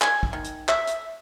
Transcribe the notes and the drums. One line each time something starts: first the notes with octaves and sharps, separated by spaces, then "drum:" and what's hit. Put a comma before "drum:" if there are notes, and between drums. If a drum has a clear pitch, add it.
G#5, drum: clap
drum: kick
D#3
drum: hi-hat
E5, drum: clap
drum: hi-hat